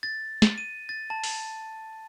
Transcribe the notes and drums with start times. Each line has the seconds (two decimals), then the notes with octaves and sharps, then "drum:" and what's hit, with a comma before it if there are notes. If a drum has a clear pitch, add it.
0.03 A6
0.42 drum: snare
0.58 D#7
0.89 A6
1.10 A5
1.24 drum: open hi-hat